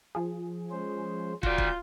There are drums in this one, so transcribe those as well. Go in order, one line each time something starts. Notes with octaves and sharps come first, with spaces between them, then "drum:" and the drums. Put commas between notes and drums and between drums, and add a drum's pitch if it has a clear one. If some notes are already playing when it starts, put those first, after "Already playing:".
F3 G#4
G#3 C#4 C5
F4 F#4 D5 G6, drum: kick
drum: kick